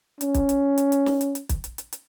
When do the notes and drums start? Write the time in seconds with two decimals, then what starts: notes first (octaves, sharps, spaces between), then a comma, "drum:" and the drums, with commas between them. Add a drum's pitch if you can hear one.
0.21 C#4, drum: hi-hat
0.34 drum: kick, hi-hat
0.49 drum: hi-hat
0.78 drum: hi-hat
0.92 drum: hi-hat
1.06 drum: snare
1.21 drum: hi-hat
1.35 drum: hi-hat
1.49 drum: kick, hi-hat
1.64 drum: hi-hat
1.78 drum: hi-hat
1.93 drum: hi-hat